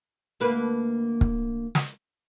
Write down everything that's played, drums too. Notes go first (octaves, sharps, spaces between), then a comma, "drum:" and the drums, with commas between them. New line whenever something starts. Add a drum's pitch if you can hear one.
D2 A#3 B4
drum: kick
drum: snare